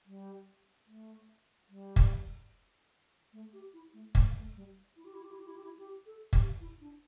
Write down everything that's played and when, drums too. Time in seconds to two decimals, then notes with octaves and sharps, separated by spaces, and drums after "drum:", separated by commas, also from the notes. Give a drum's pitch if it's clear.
0.05 G3
0.87 A3
1.69 G3
1.96 drum: kick
3.33 A3
3.53 G4
3.73 E4
3.94 A3
4.15 A3, drum: kick
4.35 A3
4.55 G3
4.96 E4
5.05 G4
5.14 E4
5.22 G4
5.31 E4
5.39 G4
5.47 E4
5.56 G4
5.64 E4
5.78 G4
6.06 A4
6.33 G4, drum: kick
6.60 E4
6.81 D4